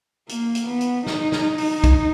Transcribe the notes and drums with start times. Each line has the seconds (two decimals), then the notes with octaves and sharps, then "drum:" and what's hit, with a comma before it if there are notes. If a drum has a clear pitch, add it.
0.29 A#3, drum: hi-hat
0.55 drum: hi-hat
0.68 B3
0.81 drum: hi-hat
1.06 D#4, drum: snare
1.32 drum: snare
1.58 drum: open hi-hat
1.84 drum: kick B1, hi-hat